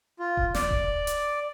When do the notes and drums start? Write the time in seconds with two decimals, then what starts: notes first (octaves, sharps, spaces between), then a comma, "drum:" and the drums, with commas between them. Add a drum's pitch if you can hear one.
0.19 F4
0.37 drum: kick D#1
0.54 D5, drum: snare
0.71 drum: kick D#1
1.07 drum: hi-hat